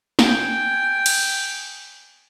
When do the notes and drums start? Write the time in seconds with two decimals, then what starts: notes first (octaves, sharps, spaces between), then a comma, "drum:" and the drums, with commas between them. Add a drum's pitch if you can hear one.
0.19 G5 G#5, drum: snare
1.06 drum: cymbal